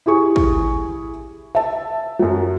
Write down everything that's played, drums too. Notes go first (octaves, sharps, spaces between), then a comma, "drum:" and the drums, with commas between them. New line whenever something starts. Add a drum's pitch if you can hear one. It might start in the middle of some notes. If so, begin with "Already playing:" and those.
E4 G4 G#4 C#6
drum: kick
E5 A5
F#2 F#3